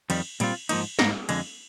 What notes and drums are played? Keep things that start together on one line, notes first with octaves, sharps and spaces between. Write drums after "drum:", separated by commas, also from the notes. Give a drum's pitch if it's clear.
F2 D#3 G3, drum: cymbal
A#2 G3 C4 F4, drum: cymbal
G#2 F3 A#3 D#4, drum: cymbal
G#2 G3 A#3 D#4, drum: snare
F2 D3 G#3, drum: cymbal